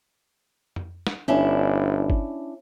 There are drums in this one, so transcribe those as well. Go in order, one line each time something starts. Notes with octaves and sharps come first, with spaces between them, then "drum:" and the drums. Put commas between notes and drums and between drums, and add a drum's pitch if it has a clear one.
drum: tom F2
drum: snare
G1 C#4 D4 E4
drum: kick